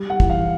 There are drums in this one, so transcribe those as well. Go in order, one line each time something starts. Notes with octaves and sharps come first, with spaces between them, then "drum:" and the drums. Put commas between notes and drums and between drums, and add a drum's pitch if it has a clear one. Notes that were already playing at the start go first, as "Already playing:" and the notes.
Already playing: G3
F#5
E3, drum: kick
F5